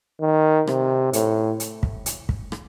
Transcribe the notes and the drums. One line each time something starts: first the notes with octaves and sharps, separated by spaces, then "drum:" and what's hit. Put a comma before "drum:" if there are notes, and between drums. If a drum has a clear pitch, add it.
D#3
C3, drum: rim click
A2, drum: hi-hat
drum: hi-hat
drum: kick
drum: hi-hat
drum: kick
drum: rim click